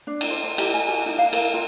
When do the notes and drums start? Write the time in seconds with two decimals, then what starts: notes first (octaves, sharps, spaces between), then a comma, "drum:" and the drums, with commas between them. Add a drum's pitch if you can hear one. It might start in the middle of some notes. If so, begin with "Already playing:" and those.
0.07 D4
0.21 drum: cymbal
0.30 C5
0.44 C5
0.58 G4, drum: cymbal
0.74 G#5
0.88 F#4
1.06 D#4
1.18 F5
1.33 A#4, drum: cymbal
1.54 F4